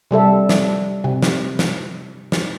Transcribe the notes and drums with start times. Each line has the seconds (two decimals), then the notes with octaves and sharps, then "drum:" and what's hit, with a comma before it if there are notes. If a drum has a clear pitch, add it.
0.11 C3 G3 A4 E5
0.49 drum: snare
1.04 C3
1.22 drum: snare
1.59 drum: snare
2.32 drum: snare